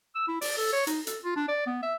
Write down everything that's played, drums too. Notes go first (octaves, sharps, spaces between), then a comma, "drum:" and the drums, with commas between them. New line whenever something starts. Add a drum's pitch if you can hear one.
E6
E4
D5, drum: open hi-hat
A4
C#5
D#4, drum: hi-hat
A4, drum: hi-hat
F4
D4
D5
B3
E5